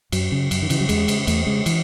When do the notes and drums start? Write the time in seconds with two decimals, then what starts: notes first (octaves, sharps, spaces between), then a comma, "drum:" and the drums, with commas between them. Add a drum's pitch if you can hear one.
0.12 F#2 F#3, drum: cymbal
0.32 C#3
0.51 F#2, drum: cymbal
0.62 D#3
0.70 C#3 E3, drum: cymbal
0.81 F#3
0.89 E2 G#3, drum: cymbal
1.08 C#3, drum: cymbal
1.27 E2 A3, drum: cymbal
1.47 C#3 G#3
1.66 E3, drum: cymbal